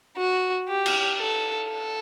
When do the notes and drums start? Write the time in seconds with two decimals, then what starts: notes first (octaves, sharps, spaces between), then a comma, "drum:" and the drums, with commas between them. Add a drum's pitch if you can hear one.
0.17 F#4
0.68 G4
0.86 drum: cymbal
1.19 A4
1.69 A4